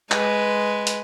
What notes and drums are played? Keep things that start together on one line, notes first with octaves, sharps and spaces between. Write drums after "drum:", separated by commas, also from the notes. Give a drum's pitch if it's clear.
G#3 B4, drum: clap
drum: hi-hat